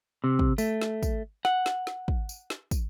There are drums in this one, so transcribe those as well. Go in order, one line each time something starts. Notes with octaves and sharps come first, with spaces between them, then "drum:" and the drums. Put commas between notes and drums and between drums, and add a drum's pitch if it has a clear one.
C3
drum: kick
A3, drum: tambourine
drum: snare
drum: kick, tambourine
F#5, drum: snare
drum: snare
drum: snare
drum: kick
drum: tambourine
drum: snare
drum: kick, tambourine